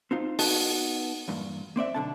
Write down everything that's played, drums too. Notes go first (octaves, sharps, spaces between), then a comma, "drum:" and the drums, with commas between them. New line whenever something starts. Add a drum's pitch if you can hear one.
C4 D#4 F4
B3 D#4 F#4 A4 B4 A5, drum: open hi-hat
E2 G2 A#2
A#3 C4 D5 E5
B1 D3 A5